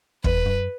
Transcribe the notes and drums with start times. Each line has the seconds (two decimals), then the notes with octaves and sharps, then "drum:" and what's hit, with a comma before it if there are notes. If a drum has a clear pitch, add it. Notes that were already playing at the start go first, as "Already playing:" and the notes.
0.24 E2 B4, drum: kick
0.46 F#2